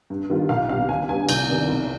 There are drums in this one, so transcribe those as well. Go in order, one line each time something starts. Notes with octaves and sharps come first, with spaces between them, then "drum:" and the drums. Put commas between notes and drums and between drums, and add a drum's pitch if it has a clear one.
G2
D#3 G3 B3 F4
B1 F5
B2 G3 C4 F5
D#2 G#5
D3 G3 B3 G#5
C2 G6, drum: cymbal
C3 D#3 B3 D4
B1